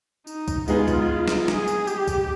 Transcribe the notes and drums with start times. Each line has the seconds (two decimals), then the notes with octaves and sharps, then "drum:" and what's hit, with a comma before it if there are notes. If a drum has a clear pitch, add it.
0.27 D#4, drum: tambourine
0.48 drum: kick, tambourine
0.68 G#3 B3 D#4 F4 G#4, drum: tambourine
0.88 drum: kick, tambourine
1.28 drum: snare
1.48 G#4, drum: snare
1.68 drum: tambourine
1.87 G4, drum: tambourine
2.08 drum: kick, tambourine